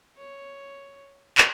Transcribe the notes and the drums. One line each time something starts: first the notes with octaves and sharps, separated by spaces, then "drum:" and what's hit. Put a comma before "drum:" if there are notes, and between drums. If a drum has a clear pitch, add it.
C#5
drum: clap